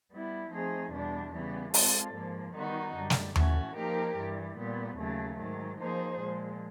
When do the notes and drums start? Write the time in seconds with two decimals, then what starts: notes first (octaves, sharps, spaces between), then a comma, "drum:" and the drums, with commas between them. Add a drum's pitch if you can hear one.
0.11 G3 B3 E4
0.52 F3 A3 C4 D#4 G#4
0.93 E2 B2 G3 B3 D4
1.33 C#3 E3 G3 B3
1.74 G#3 C4 F4 A4 D5, drum: open hi-hat
2.14 G#2 F3 A#3
2.55 D#3 G3 B3 D#4 F#4
2.95 F#2 D3 G3
3.10 drum: snare
3.36 A2 E3 A3 C#4 F#4, drum: tom D#2
3.76 F3 A#3 D#4 G4 A#4
4.17 G2 E3 G3
4.58 A#2 G3 B3
4.98 D#2 C#3 F#3 A3
5.39 G#2 D#3 F#3
5.79 F3 A#3 D#4 G#4 C5
6.20 A#2 F3 G#3